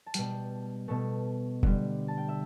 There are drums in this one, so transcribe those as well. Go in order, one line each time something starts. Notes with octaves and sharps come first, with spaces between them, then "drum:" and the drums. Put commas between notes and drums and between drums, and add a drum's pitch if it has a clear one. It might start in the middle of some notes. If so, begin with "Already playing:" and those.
A5
B2 G3 G5, drum: hi-hat
B2 A3
D3 G3, drum: kick F1
A5
G5
E5